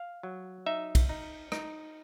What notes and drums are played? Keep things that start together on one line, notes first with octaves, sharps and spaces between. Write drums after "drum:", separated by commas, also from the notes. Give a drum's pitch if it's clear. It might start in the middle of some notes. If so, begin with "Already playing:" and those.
Already playing: F5
F#3
D#4 E5
drum: kick B1, cymbal
D#4
D#4, drum: rim click